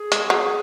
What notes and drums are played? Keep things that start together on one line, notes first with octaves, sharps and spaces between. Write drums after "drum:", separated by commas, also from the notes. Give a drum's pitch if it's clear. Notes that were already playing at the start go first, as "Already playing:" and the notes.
Already playing: G#4
G#3, drum: hi-hat
F#3